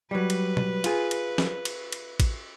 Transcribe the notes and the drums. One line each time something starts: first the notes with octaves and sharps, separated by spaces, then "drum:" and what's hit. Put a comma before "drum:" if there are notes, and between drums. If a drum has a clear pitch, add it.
F#3 G3 B4
drum: cymbal
drum: tom B2
F4 G#4, drum: cymbal
drum: cymbal
drum: snare
drum: cymbal
drum: cymbal
drum: kick A1, cymbal